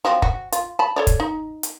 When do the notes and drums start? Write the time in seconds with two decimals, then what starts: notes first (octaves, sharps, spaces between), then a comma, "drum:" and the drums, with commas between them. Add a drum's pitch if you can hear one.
0.05 F3 F#3 C4
0.22 F#4, drum: kick
0.52 F4, drum: hi-hat
0.79 A5 B5
0.96 A4 C#5 D5
1.07 drum: kick, hi-hat
1.20 D#4
1.63 drum: hi-hat